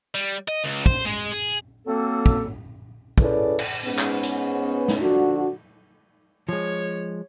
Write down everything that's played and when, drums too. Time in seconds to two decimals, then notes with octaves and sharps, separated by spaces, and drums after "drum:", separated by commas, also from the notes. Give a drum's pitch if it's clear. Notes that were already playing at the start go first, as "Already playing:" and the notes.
0.15 G3
0.48 D#5
0.64 C#2
0.86 C5, drum: kick
1.05 G#3
1.32 G#4
1.86 F#3 A#3 C4 A4
2.26 drum: kick
3.18 C#4 E4 G#4 A4 B4 D5, drum: kick
3.59 drum: cymbal
3.85 G#2 B3 C#4
3.99 drum: clap
4.23 drum: hi-hat
4.88 drum: snare
4.99 D3 F3 D4 F#4
6.49 F3 G#3 C#5